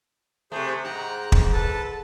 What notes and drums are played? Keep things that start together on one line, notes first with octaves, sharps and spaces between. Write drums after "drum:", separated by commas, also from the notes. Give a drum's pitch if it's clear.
C3 A3 G#4 C5
G#2 G5 A#5 F#6
drum: kick
A4 B4 A5